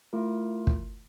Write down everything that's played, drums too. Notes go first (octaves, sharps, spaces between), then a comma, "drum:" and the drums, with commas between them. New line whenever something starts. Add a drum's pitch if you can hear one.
A3 E4 F4 A#4
drum: kick